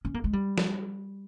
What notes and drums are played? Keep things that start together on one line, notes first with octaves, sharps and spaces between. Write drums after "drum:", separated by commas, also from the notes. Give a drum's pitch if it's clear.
C#4
A#3
G#3
G3
drum: snare